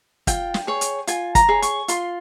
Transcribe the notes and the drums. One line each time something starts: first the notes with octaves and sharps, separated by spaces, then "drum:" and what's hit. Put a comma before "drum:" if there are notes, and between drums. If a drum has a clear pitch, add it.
F4 G5, drum: kick, hi-hat
drum: snare
G#4 C#5
drum: hi-hat
F4 G#5, drum: hi-hat
A#5, drum: kick, hi-hat
G#4 C#5
C#6, drum: hi-hat
F4 C6, drum: hi-hat